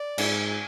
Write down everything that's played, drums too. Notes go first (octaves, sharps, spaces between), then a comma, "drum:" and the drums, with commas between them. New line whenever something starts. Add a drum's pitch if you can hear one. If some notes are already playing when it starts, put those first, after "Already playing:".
Already playing: D5
G#2 G#5, drum: cymbal
G#5